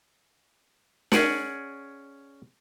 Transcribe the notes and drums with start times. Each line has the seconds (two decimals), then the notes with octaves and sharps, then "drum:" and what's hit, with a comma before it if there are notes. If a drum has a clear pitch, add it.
1.12 C#4 G#4 D5 F#5, drum: snare